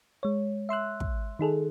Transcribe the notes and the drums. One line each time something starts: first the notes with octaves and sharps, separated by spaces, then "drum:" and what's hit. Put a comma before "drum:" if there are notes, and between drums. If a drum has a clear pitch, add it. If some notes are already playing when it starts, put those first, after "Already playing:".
G#3 C#5
E5 C6 E6 F#6
drum: kick
D#3 D#4 G#4 A4